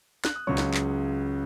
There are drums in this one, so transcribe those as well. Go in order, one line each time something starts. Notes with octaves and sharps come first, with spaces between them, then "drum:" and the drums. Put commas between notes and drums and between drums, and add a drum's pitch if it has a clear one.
F#6, drum: snare
D#6
C#2 C#3 F#3 C#5 C#6
drum: snare
drum: clap